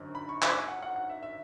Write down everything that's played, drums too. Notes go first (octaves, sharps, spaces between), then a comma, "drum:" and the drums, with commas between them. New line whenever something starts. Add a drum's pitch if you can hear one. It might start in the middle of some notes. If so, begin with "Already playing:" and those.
Already playing: G#1 F#2 D3
B5
C#6
D6, drum: clap
G#5
F#5
F#5
F#5
E5
E5